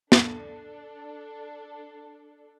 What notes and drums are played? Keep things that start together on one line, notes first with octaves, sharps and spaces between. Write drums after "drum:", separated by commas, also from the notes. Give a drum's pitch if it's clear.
D4 A4, drum: snare